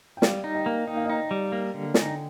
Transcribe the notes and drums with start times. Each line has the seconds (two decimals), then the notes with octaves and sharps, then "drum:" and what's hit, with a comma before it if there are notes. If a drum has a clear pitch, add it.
0.17 G5
0.22 G3 D5 F5, drum: snare
0.44 D#4
0.54 D#5 G5
0.66 A#3
0.87 D#4 G5
0.97 F5
1.05 D#4 D#5 G5
1.31 G3
1.52 A#3
1.74 D3
1.94 D#4 G#5, drum: snare
2.05 G5